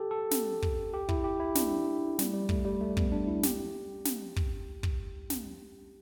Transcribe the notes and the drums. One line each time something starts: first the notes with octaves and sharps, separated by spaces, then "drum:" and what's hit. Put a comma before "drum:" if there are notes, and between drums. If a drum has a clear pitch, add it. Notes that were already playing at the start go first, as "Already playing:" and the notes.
Already playing: G4 A4
A4
drum: snare
drum: kick
G4
E4, drum: kick
G4
E4
D4, drum: snare
G3, drum: snare
G3
A3, drum: kick
G3
A3
B3, drum: kick
D4
E4
G4, drum: snare
drum: snare
drum: kick
drum: kick
drum: snare